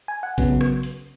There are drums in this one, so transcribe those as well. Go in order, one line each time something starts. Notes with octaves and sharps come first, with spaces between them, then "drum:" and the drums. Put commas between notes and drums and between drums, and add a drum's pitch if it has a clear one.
G#5
F#5
C#3 F#3 B3, drum: kick A1, hi-hat
drum: rim click
drum: open hi-hat